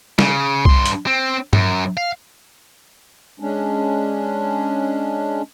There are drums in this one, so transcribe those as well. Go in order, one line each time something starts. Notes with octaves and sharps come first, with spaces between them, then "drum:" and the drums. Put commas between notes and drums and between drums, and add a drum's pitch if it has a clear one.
C#3, drum: snare
G2 C6, drum: kick C2
drum: hi-hat
C4
F#2, drum: tom G2
F5
G#3 C#4 D4